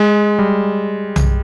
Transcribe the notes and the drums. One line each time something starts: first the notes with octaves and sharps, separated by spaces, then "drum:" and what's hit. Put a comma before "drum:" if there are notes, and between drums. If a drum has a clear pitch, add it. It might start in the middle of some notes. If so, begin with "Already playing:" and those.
Already playing: G#3
G3
drum: tom B1